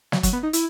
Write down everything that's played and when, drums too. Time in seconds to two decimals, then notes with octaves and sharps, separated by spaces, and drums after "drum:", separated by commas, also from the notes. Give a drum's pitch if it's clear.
0.12 F#3, drum: snare
0.23 F#3, drum: kick, hi-hat
0.33 B3
0.43 D#4
0.53 E4, drum: hi-hat